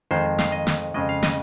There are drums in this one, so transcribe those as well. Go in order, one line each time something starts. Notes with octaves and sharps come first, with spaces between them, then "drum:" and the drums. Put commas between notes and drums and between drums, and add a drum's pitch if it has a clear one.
F2 D#3 G#3 C5
F5, drum: snare
D#5
drum: snare
F2 C#3 G#3 D#5
F5
D#5, drum: snare